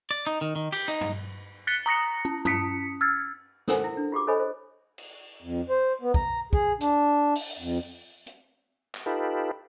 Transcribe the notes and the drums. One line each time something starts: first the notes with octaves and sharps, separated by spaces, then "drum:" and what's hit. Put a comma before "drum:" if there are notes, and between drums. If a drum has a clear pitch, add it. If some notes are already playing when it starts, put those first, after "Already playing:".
D5
D#4
D#3
D#3
G4, drum: cymbal
D#4, drum: hi-hat
drum: tom
F#6 A6 B6 C#7 G7
A#5 D#6 A#6 C#7
C#4
C#4 D#6 B6 C#7, drum: tom
E6 F6 G#6 A6
C#4 A4 A#4 C5 F#5 G#5, drum: snare
E4
D4
F4 G4 G#4 D6
A4 C5 C#5 D#5 G#5 B5
C5
drum: cymbal
F2
C5
B3
A#5, drum: kick
G#4, drum: kick
D4, drum: hi-hat
drum: open hi-hat
F2
drum: hi-hat
drum: clap
D#4 F4 G4 A4 B4